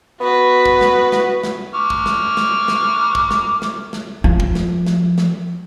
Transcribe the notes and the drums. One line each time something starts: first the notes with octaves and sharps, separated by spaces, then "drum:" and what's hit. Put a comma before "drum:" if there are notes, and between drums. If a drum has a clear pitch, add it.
B3 F#4 B4
drum: kick
drum: snare
drum: snare
drum: snare
C#6 D6 F6
drum: kick
drum: snare
drum: snare
drum: snare
drum: kick
drum: snare
drum: snare
drum: snare
F3
drum: kick
drum: snare
drum: snare
drum: snare